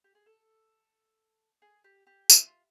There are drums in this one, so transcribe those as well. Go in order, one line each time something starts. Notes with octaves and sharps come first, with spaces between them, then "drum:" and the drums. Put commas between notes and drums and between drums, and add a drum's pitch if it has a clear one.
G4
G#4
A4
G#4
G4
G4
E4, drum: tambourine
F4